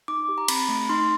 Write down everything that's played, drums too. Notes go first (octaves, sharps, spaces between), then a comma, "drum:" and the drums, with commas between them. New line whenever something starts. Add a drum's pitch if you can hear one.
D#4 D6
G4
A#5
C4 B5, drum: cymbal
A3
D#4 C6